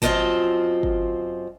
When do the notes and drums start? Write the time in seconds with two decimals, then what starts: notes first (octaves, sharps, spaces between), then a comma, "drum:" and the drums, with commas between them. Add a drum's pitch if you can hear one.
0.02 F#2 C4 F4 C5 D#5 A5, drum: kick G1
0.83 drum: kick G1